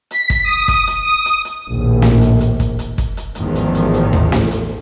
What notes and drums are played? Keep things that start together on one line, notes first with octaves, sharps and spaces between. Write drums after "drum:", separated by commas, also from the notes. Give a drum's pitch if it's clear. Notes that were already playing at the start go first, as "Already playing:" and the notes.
B6, drum: hi-hat
drum: kick, hi-hat
D#6
drum: kick, hi-hat
drum: hi-hat
D#6
drum: hi-hat
drum: hi-hat
A#1 D#2 A2
drum: snare
drum: hi-hat
drum: hi-hat
drum: kick, hi-hat
drum: hi-hat
drum: kick, hi-hat
drum: hi-hat
A1 E2 G#2 D#3 F3, drum: hi-hat
drum: hi-hat
drum: hi-hat
drum: hi-hat
drum: tom D#2
drum: snare
drum: hi-hat